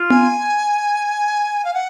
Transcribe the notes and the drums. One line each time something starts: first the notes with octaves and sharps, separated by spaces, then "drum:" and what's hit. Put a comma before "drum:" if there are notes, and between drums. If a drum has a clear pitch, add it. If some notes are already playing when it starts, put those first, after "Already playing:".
Already playing: F4
G#5, drum: tom B3
F5
F#5